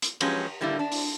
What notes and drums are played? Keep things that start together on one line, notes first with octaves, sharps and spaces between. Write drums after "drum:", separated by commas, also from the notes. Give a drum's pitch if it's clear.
drum: hi-hat
F3 F#3 G#3 C#4 G4 B4, drum: cymbal
A2 D3 G3 A#3 D4 E4
D4
drum: open hi-hat